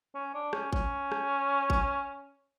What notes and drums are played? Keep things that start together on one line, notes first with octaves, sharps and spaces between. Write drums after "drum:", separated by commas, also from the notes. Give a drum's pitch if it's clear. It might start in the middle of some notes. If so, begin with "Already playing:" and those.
C#4
D4
C#4, drum: rim click
C#4, drum: kick G#1
drum: rim click
drum: kick G#1